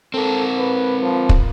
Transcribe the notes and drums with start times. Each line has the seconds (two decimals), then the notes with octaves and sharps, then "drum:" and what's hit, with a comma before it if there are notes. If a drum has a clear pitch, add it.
0.14 C4 A4 A#4
0.59 B4
1.02 F3
1.29 drum: kick